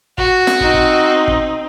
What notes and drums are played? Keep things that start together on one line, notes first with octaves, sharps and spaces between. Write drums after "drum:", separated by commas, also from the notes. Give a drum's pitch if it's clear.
F#4, drum: kick
drum: snare
C4 D#4, drum: kick
drum: kick
drum: kick